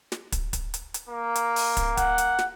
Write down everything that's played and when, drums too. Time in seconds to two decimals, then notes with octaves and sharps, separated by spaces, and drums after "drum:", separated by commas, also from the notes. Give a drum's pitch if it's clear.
0.12 drum: snare
0.32 drum: kick, hi-hat
0.53 drum: kick, hi-hat
0.74 drum: hi-hat
0.94 drum: hi-hat
1.09 A#3
1.35 drum: hi-hat
1.56 drum: open hi-hat
1.77 drum: kick, hi-hat
1.97 F#5, drum: kick, hi-hat
2.18 drum: hi-hat
2.39 drum: snare